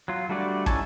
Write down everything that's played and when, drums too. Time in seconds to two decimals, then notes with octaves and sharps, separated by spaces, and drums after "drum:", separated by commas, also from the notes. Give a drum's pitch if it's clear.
0.08 F#3 F4
0.29 G3 A3 D4 F#4 D5
0.66 C#4 D#4 E4 C#5 G#5 A5, drum: kick